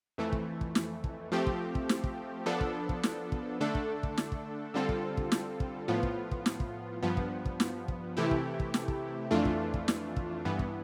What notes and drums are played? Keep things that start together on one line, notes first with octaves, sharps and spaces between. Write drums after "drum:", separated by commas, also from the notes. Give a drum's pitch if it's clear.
F2 E3 A3
drum: kick
drum: kick
drum: snare
drum: kick
F3 A3 C4 G4
drum: kick
drum: kick
drum: snare
drum: kick
F3 B3 D4 A4
drum: kick
drum: kick
drum: snare
drum: kick
D3 A3 D4 A4
drum: kick
drum: kick
drum: snare
drum: kick
D3 G3 C4 F4 A4
drum: kick
drum: kick
drum: snare
drum: kick
A2 F3 B3 F4
drum: kick
drum: kick
drum: snare
drum: kick
G2 F3 B3
drum: kick
drum: kick
drum: snare
drum: kick
C3 E3 A3 E4 G4
drum: kick
drum: kick
drum: snare
drum: kick
F2 E3 A3 D4 F4
drum: kick
drum: kick
drum: snare
drum: kick
G2 E3 B3
drum: kick